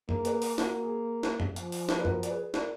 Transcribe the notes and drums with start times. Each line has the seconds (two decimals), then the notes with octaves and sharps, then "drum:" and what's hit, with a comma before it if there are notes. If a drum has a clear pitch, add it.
0.09 A#3 G#4, drum: tom F#2
0.25 G#4 B4, drum: hi-hat
0.42 drum: open hi-hat
0.58 A#3 F#4, drum: snare
0.83 G#4
1.23 drum: snare
1.40 drum: tom F#2
1.56 F3, drum: hi-hat
1.72 drum: open hi-hat
1.89 drum: snare
1.99 B4
2.05 F#4 A#4, drum: tom F#2
2.23 D5, drum: hi-hat
2.30 G#4 B4
2.54 A#4 D5, drum: snare